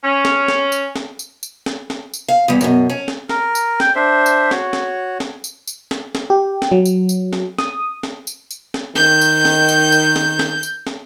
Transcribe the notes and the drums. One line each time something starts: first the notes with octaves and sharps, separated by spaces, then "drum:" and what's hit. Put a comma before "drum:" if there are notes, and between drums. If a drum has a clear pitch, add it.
C#4
drum: snare
drum: snare
drum: tambourine
drum: snare
drum: tambourine
drum: tambourine
drum: snare
drum: snare
drum: tambourine
F5
E2 G3
F#2 B2, drum: tambourine
C#4
drum: snare
A#4, drum: snare
drum: tambourine
G5, drum: snare
D4 C5 E5
drum: tambourine
F#4 C#5, drum: snare
drum: snare
drum: snare
drum: tambourine
drum: tambourine
drum: snare
drum: snare
G4
drum: snare
F#3
drum: tambourine
drum: tambourine
drum: snare
D#6, drum: snare
drum: snare
drum: tambourine
drum: tambourine
drum: snare
D#3 G6, drum: snare
drum: tambourine
drum: snare
drum: tambourine
drum: tambourine
drum: snare
drum: snare
drum: tambourine
drum: snare